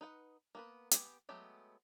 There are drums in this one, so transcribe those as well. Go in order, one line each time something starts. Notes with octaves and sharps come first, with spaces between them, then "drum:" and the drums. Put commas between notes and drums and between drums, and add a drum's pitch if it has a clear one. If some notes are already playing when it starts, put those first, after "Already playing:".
D#4 B4 F#5
A#3 B3 B4
B3 G4 D#5 G5 G#5, drum: hi-hat
F#3 G#3 A3 B3 G4